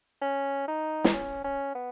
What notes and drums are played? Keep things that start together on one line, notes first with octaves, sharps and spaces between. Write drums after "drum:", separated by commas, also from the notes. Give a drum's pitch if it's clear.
C#4
D#4
drum: snare
C#4
C#4
B3